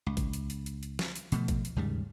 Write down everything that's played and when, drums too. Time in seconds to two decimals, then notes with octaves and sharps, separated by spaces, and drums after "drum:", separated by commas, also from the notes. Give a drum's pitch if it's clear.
0.06 C#2
0.17 drum: kick A1, hi-hat
0.33 drum: hi-hat
0.50 drum: hi-hat
0.66 drum: hi-hat
0.83 drum: hi-hat
0.99 drum: snare
1.16 drum: hi-hat
1.32 B2 F3 A3, drum: hi-hat
1.48 drum: kick A1, hi-hat
1.65 drum: hi-hat
1.76 D#2 G#2 C#3 G3